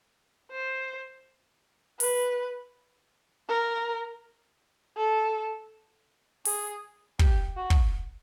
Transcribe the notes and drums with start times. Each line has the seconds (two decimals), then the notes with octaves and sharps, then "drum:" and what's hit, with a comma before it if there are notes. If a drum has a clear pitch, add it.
0.51 C5
2.00 B4, drum: open hi-hat
3.48 A#4
4.97 A4
6.45 G#4, drum: open hi-hat
7.19 G4, drum: kick
7.57 F#4
7.70 drum: kick